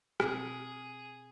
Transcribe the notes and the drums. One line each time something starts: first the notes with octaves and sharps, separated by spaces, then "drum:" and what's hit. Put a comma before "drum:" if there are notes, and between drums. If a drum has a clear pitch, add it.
B2 C4 G#4 D6, drum: rim click